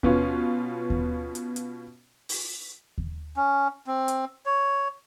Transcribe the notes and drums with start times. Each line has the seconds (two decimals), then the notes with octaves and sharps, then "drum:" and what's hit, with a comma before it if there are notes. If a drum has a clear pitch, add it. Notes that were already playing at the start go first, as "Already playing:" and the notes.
0.03 B2 B3 C#4 F4, drum: kick D#2
0.90 drum: kick D#2
1.35 drum: hi-hat
1.56 drum: hi-hat
2.29 drum: open hi-hat
2.98 drum: kick D#2
3.36 C#4
3.87 C4
4.08 drum: hi-hat
4.46 C#5